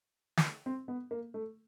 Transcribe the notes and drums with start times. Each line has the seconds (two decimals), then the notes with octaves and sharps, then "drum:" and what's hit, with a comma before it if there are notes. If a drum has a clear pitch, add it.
0.37 drum: snare
0.66 C4
0.88 B3
1.11 A#3
1.34 A3